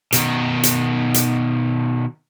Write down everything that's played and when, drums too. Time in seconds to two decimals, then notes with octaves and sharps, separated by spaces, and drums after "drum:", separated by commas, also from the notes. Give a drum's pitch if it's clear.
0.12 B2 D#3, drum: hi-hat
0.63 drum: hi-hat
1.14 drum: hi-hat